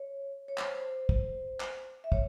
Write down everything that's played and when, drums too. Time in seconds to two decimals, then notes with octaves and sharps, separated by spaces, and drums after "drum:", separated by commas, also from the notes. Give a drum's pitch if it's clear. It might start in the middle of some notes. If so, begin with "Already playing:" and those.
Already playing: C#5
0.48 C#5
0.58 C5, drum: clap
1.09 drum: kick
1.60 drum: clap
2.04 E5
2.12 C#5, drum: kick